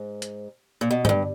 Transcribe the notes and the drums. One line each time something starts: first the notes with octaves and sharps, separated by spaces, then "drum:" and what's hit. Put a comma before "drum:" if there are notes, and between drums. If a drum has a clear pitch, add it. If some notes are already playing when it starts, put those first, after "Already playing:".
Already playing: G#2
drum: hi-hat
A#2
B2
G#2, drum: tom G2
G2